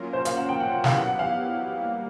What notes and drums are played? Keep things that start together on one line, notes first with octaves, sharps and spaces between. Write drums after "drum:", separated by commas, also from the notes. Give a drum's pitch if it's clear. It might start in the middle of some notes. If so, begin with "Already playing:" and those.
Already playing: F#3 A#3 C#4 F4 A#4
C5
F5, drum: hi-hat
F#5
G5
F#5
F#5
F#3 B3 E4 G4 F5, drum: snare
F#5
F#5
F5
G3 A#3